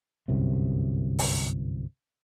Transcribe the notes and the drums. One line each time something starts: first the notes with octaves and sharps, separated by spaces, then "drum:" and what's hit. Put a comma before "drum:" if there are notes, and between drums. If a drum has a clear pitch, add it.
G1 C2 F#2 C3
drum: open hi-hat